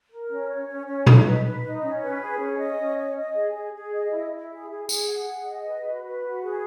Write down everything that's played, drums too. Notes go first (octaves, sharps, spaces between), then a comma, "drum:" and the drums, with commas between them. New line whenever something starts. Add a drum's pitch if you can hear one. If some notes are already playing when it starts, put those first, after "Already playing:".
A#4
C#4
C#5
C#4
C#4
D#4, drum: tom A#2
B4
B4
D#4
C#4
B4
G#4
C#4
D#5
C#4
D#5
D#5
G#4
G#4
G#4
D#5
E4
E4
G#4
G#4
G#4, drum: tambourine
F#5
G#4
D#5
B4
F#4
B4
F#4
G#4